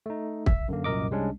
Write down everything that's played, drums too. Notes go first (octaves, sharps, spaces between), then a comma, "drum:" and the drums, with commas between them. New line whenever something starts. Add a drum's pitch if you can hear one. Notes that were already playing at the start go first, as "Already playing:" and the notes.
A3 D#4
E5, drum: kick
F#2 D3 A#3
C2 F#2 A#2 A#4 D#5 D6
C2 G3 G#3 C#4 D4